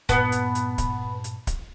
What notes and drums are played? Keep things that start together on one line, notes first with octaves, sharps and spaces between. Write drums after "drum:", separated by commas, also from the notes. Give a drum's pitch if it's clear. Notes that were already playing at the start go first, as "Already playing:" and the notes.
G2 A#2 B3 A5, drum: kick D1, hi-hat
drum: hi-hat
drum: hi-hat
drum: kick D1, hi-hat
drum: hi-hat
drum: kick D1, hi-hat